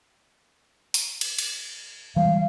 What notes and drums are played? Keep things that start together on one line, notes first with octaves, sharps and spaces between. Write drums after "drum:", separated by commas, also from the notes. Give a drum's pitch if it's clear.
drum: open hi-hat
drum: cymbal
drum: cymbal
E3 G3 G#3 F5